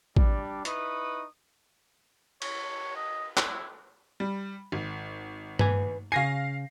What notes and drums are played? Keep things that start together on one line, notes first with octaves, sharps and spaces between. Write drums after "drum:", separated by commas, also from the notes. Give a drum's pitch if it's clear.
G3 D4, drum: kick
D#4 E4 B4 C#6 D#6, drum: hi-hat
C#5, drum: cymbal
D#5
E4, drum: clap
G3
G#1
B4 G#5, drum: tom G2
C#3 F5 G#5 A#6 C7